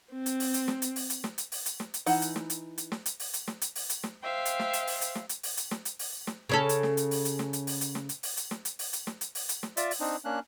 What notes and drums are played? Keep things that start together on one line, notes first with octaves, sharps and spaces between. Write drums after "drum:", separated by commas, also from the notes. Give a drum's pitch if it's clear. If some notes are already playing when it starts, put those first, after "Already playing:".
C4
drum: hi-hat
drum: open hi-hat
drum: hi-hat
drum: snare
drum: hi-hat
drum: open hi-hat
drum: hi-hat
drum: snare
drum: hi-hat
drum: open hi-hat
drum: hi-hat
drum: snare
drum: hi-hat
E3 D#4 F#5, drum: open hi-hat
drum: hi-hat
drum: snare
drum: hi-hat
drum: hi-hat
drum: snare
drum: hi-hat
drum: open hi-hat
drum: hi-hat
drum: snare
drum: hi-hat
drum: open hi-hat
drum: hi-hat
drum: snare
C5 E5 F5 G5
drum: hi-hat
drum: snare
drum: hi-hat
drum: open hi-hat
drum: hi-hat
drum: snare
drum: hi-hat
drum: open hi-hat
drum: hi-hat
drum: snare
drum: hi-hat
drum: open hi-hat
drum: snare
C#3 C#4 A4
drum: hi-hat
drum: snare
drum: hi-hat
drum: open hi-hat
drum: hi-hat
drum: snare
drum: hi-hat
drum: open hi-hat
drum: hi-hat
drum: snare
drum: hi-hat
drum: open hi-hat
drum: hi-hat
drum: snare
drum: hi-hat
drum: open hi-hat
drum: hi-hat
drum: snare
drum: hi-hat
drum: open hi-hat
drum: hi-hat
drum: snare
F4 D5 E5, drum: hi-hat
drum: open hi-hat
C4 D4 D#4
A#3 C#4 D4 F#6